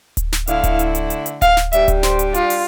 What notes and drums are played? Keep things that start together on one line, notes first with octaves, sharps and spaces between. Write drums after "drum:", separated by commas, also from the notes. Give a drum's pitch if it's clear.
drum: kick D1, hi-hat
drum: snare
D3 A3 E4 F5, drum: hi-hat
drum: kick D1, hi-hat
drum: hi-hat
drum: hi-hat
drum: hi-hat
drum: hi-hat
F5, drum: kick D1, hi-hat
drum: snare
G3 D4 G4 E5, drum: hi-hat
drum: kick D1, hi-hat
C5, drum: snare
drum: hi-hat
F4, drum: hi-hat
drum: open hi-hat